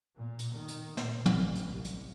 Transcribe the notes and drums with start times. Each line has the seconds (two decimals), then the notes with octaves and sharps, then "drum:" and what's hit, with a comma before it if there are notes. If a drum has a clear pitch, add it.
0.17 A#2
0.39 drum: hi-hat
0.55 D#3
0.68 drum: hi-hat
0.97 A#2, drum: snare
1.26 A1, drum: tom
1.55 drum: hi-hat
1.68 C2
1.84 drum: hi-hat